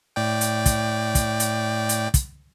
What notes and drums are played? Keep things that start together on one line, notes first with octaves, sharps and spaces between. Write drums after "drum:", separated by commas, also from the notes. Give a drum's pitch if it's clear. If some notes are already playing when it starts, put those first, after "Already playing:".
A2 D5 G5
drum: hi-hat
drum: kick, hi-hat
drum: kick, hi-hat
drum: hi-hat
drum: hi-hat
drum: kick, hi-hat